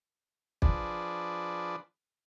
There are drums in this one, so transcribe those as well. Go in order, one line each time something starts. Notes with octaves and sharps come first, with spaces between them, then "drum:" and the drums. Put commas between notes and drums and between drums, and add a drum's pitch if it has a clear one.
F3 D4 G#4 B4 D5, drum: kick